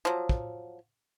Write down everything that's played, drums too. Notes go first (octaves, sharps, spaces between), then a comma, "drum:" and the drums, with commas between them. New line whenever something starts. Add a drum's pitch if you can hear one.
F3 F#3
drum: kick